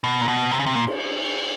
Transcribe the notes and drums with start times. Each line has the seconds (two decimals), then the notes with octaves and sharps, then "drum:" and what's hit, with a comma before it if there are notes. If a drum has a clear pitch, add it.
0.04 B2
0.21 A#2
0.28 B2
0.51 C3
0.59 C#3
0.66 C3
0.75 A#2
0.87 drum: cymbal